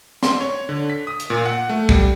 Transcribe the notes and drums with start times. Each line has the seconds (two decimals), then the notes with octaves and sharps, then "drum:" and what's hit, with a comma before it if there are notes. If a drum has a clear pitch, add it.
0.23 C6, drum: snare
0.41 C#5
0.69 D3
0.90 B6
1.07 D#6
1.20 drum: hi-hat
1.30 A#2
1.46 F#5
1.69 A3
1.89 G3, drum: kick